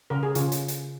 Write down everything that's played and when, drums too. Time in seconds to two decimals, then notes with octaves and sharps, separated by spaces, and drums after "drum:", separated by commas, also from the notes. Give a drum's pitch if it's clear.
0.10 C#3 A#4
0.23 G#4
0.35 C#3 F4, drum: hi-hat
0.52 drum: hi-hat
0.68 drum: hi-hat